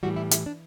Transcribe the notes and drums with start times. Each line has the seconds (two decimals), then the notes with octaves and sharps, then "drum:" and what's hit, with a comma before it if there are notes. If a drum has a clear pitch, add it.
0.03 A2 E3 G3 F#4
0.16 E4
0.31 E4, drum: hi-hat
0.46 D4